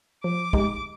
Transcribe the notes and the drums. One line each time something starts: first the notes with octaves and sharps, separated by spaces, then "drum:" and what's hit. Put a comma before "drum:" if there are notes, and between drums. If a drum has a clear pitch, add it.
F3 D6
G#3 D#4 G4, drum: kick